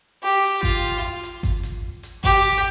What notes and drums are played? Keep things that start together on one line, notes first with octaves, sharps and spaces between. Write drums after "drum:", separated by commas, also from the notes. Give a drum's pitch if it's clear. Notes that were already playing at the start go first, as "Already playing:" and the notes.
G4
drum: hi-hat
F4, drum: kick G#1, hi-hat
drum: hi-hat
drum: hi-hat
drum: kick G#1, hi-hat
drum: hi-hat
drum: hi-hat
G4, drum: kick G#1, hi-hat
drum: hi-hat